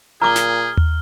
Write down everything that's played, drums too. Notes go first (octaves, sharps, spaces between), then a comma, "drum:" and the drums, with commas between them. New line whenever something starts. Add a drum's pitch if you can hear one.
A#2 G#4 A#5 D6 F6 G7
drum: snare
drum: tom D#2